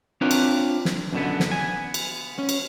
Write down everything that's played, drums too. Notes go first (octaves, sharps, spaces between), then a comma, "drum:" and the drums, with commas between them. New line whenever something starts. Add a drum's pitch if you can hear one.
C4 D4 F4 A#4 B4 C#5
drum: cymbal
drum: snare
F#2 B2 D3 B3
drum: snare
B3 G#5
drum: cymbal
C#4
drum: cymbal